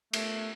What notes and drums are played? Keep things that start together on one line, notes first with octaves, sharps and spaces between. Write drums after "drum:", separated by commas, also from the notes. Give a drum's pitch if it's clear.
A3, drum: cymbal